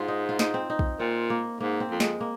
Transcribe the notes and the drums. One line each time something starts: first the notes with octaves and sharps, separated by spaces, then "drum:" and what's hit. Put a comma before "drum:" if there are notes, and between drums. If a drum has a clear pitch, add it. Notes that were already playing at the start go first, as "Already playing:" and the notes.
Already playing: G#2 F4
D#4
F4
D#4, drum: snare
C4
D#4
drum: kick
A#2 C4
A#3
G#2 A#3
C4
F2
G#3, drum: snare
A#3